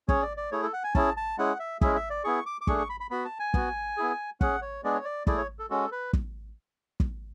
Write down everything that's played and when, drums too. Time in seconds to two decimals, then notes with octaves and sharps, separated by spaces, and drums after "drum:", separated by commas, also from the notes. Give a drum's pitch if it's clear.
0.09 C#4 G#4 C#5, drum: kick
0.22 D5
0.37 D5
0.52 A3 E4 G#4 C#5
0.63 A4
0.73 F#5
0.84 G#5
0.95 C#4 E4 G#4 A5, drum: kick
1.17 A5
1.38 G#3 C#4 E4 G#4 F#5
1.59 E5
1.81 G#3 C#4 E4 G#4 E5, drum: kick
1.96 E5
2.10 D5
2.24 B3 E4 G#4 C#6
2.46 D6
2.61 D6
2.67 A3 D4 G#4 C#6, drum: kick
2.78 C#6
2.89 B5
3.00 B5
3.11 B3 F#4 B5
3.25 A5
3.39 G#5
3.54 B3 F#4, drum: kick
3.97 B3 E4 G#4
4.41 C#4 G#4 F#5, drum: kick
4.62 C#5
4.84 G#3 B3 D4 G#4 D5
4.95 C#5
5.05 D5
5.27 A3 E4 G#4 D5, drum: kick
5.37 C#5
5.59 A4
5.70 G#3 C#4 F#4 A4
5.92 B4
6.13 drum: kick
7.00 drum: kick